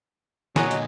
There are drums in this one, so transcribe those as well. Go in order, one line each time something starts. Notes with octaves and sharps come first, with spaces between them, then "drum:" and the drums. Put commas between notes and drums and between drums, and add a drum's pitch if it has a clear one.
A#2 D3 F#3 D#5 G#5, drum: snare
drum: hi-hat